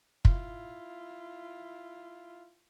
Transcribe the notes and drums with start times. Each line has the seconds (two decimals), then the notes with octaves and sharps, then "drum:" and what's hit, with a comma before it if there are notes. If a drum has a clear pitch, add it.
0.25 E4 F4, drum: kick